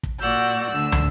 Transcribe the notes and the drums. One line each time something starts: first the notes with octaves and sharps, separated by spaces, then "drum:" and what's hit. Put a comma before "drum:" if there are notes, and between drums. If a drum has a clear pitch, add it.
drum: kick
A#2 F#4 D5 F#5 E6 G6
D2 D3 E6
drum: tom